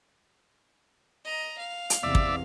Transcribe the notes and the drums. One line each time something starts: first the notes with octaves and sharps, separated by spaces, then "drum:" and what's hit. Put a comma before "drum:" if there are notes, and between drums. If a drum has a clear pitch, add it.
D#5 A#5
F5
drum: hi-hat
E2 C3 D5 E5
drum: kick